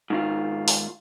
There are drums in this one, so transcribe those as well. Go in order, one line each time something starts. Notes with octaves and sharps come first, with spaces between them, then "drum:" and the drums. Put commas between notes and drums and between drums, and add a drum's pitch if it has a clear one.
G#2 D#3 F4
drum: open hi-hat